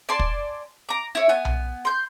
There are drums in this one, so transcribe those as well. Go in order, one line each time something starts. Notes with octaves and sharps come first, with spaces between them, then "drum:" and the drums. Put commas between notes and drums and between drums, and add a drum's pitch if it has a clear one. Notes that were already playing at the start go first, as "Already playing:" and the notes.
D5 G#5 A5 C6
drum: kick
A#5 D6
E4 C#5
B3 G#5
drum: tom B1
C6 G6